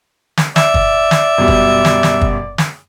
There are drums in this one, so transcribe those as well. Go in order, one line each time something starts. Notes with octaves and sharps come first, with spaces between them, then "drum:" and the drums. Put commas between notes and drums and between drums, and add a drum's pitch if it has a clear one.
drum: snare
D5 E5, drum: snare
drum: kick
drum: snare
F#2 B2 G3
drum: kick
drum: snare
drum: snare
drum: kick
drum: snare